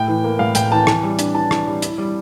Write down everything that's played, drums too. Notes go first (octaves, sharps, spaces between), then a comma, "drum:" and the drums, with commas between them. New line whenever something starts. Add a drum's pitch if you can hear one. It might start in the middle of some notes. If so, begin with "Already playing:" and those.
Already playing: A2 G5
E3
A#3
A2 F5
A2 G5, drum: hi-hat
E3 A5
E3, drum: rim click
G3
D4, drum: hi-hat
E3 A5
E3, drum: rim click
G3
E4, drum: hi-hat
G3